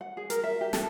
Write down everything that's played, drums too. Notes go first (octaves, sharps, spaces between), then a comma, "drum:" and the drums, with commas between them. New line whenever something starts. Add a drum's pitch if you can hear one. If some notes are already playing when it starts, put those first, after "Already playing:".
F#5
G#4
A#4, drum: hi-hat
E5
G4
A4, drum: snare